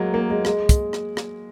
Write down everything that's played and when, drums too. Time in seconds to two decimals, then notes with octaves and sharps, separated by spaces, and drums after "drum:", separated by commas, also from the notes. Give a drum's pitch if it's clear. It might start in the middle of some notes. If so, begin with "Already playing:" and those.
Already playing: F#3 G#3 A#3
0.14 A#3
0.30 G#3
0.45 G#3, drum: rim click
0.69 drum: kick, hi-hat
0.93 drum: rim click
1.17 drum: rim click